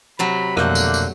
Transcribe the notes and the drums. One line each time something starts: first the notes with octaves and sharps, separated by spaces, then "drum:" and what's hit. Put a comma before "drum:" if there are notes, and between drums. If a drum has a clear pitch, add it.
C3 F#3 B5
F2 B2 D3 A3 A#3 F#6 G6, drum: rim click
drum: tambourine
drum: tambourine